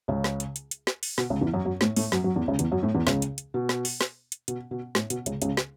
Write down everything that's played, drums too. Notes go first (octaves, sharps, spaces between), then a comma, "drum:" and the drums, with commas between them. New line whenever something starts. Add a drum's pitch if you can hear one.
C#2 C#3
drum: snare
drum: hi-hat
drum: hi-hat
drum: hi-hat
drum: snare
drum: open hi-hat
B2, drum: snare
C#2 C#3
E2 E3
F#2 F#3
F#2 F#3
A2 A3, drum: snare
A2 A3, drum: open hi-hat
F#2 F#3, drum: snare
F#2 F#3
E2 E3
C#2 C#3
E2 E3, drum: hi-hat
F#2 F#3
A2 A3
E2 E3
C#2 C#3, drum: snare
drum: hi-hat
drum: hi-hat
B2
drum: snare
drum: open hi-hat
drum: snare
drum: hi-hat
B2, drum: hi-hat
B2
A2, drum: snare
B2, drum: hi-hat
C#2 C#3, drum: hi-hat
C#2 C#3, drum: hi-hat
drum: snare